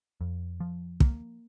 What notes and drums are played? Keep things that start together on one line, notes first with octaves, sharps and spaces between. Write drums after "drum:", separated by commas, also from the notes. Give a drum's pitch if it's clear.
F2
F3
A#3, drum: kick